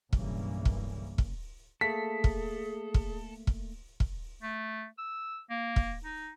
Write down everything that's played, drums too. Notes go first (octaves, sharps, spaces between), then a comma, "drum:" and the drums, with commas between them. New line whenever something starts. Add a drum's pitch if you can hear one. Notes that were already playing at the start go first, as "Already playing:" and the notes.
B1 G2 C#3 E3 G3 A#3, drum: kick
drum: kick
drum: kick
A3 A#3 G#4 A4 B6
drum: kick
drum: kick
drum: kick
drum: kick
A3
E6
A#3
drum: kick
D#4